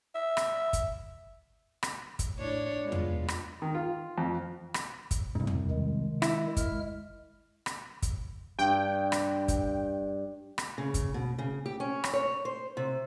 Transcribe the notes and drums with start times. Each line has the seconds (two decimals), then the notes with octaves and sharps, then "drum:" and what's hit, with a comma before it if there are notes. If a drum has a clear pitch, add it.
0.15 E5
0.37 drum: rim click
0.73 drum: kick, hi-hat
1.83 drum: rim click
2.19 drum: kick, hi-hat
2.37 A2 D4 C#5
2.83 G#3 B3 F4
2.92 drum: tom E2
3.28 drum: rim click
3.62 D#3
3.75 F4
4.18 F2
4.74 drum: rim click
5.11 drum: kick, hi-hat
5.35 C2 G#2
5.47 drum: tom E2
5.71 D#3 G#3
6.22 E4, drum: rim click
6.57 G#3 F6, drum: kick, hi-hat
7.66 drum: rim click
8.02 drum: kick, hi-hat
8.59 G2 G5
9.12 drum: rim click
9.48 drum: kick, hi-hat
10.58 drum: rim click
10.78 C#3
10.94 drum: kick, hi-hat
11.14 B2
11.39 C#3
11.66 G4
11.80 C#4
12.04 drum: rim click
12.13 C#5
12.45 C5
12.77 C3